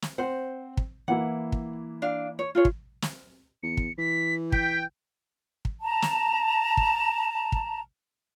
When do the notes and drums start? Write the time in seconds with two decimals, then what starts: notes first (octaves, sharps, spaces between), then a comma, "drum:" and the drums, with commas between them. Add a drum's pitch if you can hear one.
0.02 drum: snare
0.18 C4 C5 F#5
0.77 drum: kick
1.08 E3 A#3 E4 F#5
1.52 drum: kick
2.02 D4 F5
2.39 C#5
2.55 F4 G#4 C#5
2.65 drum: kick
3.02 drum: snare
3.63 E2 C#7
3.77 drum: kick
3.98 E3 B6
4.52 G5 B6, drum: kick
5.65 drum: kick
5.80 A5 A#5
6.02 drum: snare
6.77 drum: kick
7.52 drum: kick